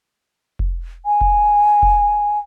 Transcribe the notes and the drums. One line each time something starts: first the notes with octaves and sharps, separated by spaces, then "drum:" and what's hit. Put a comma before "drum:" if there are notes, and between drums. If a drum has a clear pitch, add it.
drum: kick F1
G#5
drum: kick F1
drum: kick F1